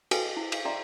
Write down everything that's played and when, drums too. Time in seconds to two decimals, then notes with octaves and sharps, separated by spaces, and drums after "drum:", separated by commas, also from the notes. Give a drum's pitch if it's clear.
0.11 F#4 G#4 A4 B4 G5 G#5, drum: cymbal
0.37 E4
0.52 drum: cymbal
0.65 D5 E5 G5 A#5 C6 D6